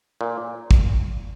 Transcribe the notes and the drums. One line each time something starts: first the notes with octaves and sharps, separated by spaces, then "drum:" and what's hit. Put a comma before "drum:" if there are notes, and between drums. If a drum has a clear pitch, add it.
A#2
drum: kick